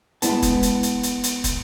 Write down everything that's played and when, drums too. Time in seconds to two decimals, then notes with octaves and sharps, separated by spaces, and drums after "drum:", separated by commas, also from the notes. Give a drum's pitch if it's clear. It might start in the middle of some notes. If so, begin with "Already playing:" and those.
0.22 G#3 B3 E4 A5, drum: hi-hat
0.42 drum: kick, hi-hat
0.63 drum: hi-hat
0.83 drum: hi-hat
1.03 drum: hi-hat
1.24 drum: hi-hat
1.44 drum: kick, hi-hat